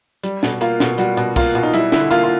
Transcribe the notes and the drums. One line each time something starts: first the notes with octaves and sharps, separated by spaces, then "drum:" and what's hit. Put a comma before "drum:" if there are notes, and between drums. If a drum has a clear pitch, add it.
G3, drum: hi-hat
B2, drum: snare
A#3 F4, drum: hi-hat
B2, drum: snare
G3 F#4, drum: hi-hat
B2, drum: hi-hat
A#3 F4, drum: kick, open hi-hat
B2, drum: hi-hat
D#4
G3 E4, drum: hi-hat
D3 E4, drum: snare
A#3 F4, drum: hi-hat
F4